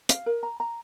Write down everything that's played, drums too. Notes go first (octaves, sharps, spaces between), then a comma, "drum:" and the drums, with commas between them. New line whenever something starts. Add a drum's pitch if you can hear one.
F5, drum: hi-hat
A#4
A#5
A#5